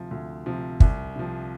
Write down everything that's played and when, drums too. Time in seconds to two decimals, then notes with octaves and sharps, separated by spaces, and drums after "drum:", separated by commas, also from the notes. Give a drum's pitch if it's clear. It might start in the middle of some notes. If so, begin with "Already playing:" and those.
Already playing: D2 C3 F3
0.11 D2
0.46 C3 F3
0.80 C2, drum: kick
1.16 C3 F3